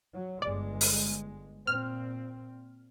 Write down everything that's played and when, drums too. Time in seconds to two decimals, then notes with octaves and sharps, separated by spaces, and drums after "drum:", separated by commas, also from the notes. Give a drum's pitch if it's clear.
0.13 F#3
0.42 G1 G#3 D5
0.81 drum: open hi-hat
1.67 A#2 C4 F6